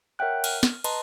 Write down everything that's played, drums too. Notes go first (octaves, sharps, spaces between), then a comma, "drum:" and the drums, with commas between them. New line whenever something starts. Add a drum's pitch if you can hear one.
A#4 C#5 E5 F#5 G5 F#6
F6, drum: cymbal
drum: snare
B4 D#5 A5 A#5 C6, drum: cymbal